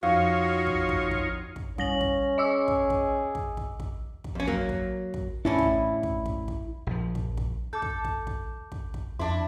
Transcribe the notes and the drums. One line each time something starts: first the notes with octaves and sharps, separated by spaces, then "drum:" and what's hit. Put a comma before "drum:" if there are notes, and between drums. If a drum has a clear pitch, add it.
F2 D#4 F4 F#4 C#5 F5
drum: kick
drum: kick
drum: kick
drum: kick
G3 C#4 A#6 F#7, drum: kick
drum: kick
G#4 D#5 D6 E6
drum: kick
drum: kick
drum: kick
drum: kick
drum: kick
drum: kick
F2 C#4
F#3 A#3, drum: kick
drum: kick
drum: kick
A2 C#4 D4 E4
drum: kick
drum: kick
drum: kick
drum: kick
A#1 F3
drum: kick
drum: kick
A4 D6 G6
drum: kick
drum: kick
drum: kick
drum: kick
drum: kick
F2 D4 E4 E5 C6